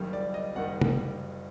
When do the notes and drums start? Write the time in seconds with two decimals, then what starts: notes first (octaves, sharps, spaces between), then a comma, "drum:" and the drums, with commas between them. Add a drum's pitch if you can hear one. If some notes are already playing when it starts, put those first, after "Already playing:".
Already playing: F#1 F#2 D#3 G3 A#3
0.13 D5
0.34 D#5
0.55 F#1 F#2 D#3 G3 A#3 F#5
0.82 drum: tom